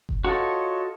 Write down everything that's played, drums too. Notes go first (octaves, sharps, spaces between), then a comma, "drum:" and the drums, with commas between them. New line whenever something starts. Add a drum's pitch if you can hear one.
drum: kick F#1
F4 F#4 A4 C#5 D#5